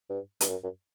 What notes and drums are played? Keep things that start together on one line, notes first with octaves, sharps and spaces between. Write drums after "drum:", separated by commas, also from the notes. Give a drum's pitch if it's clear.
G2
G2, drum: hi-hat
F#2
F#2